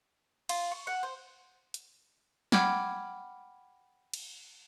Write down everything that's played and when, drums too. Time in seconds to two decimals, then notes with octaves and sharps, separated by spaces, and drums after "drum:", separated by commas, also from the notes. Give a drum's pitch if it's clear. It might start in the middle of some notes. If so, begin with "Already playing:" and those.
0.49 F4, drum: cymbal
0.71 C#6
0.87 F#5
1.03 C5
1.74 drum: hi-hat
2.52 F#5 G5 B5 D6 F6 G#6, drum: snare
4.13 drum: cymbal